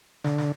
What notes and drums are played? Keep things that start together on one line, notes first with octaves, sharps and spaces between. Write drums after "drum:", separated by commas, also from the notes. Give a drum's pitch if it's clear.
D3, drum: snare
drum: snare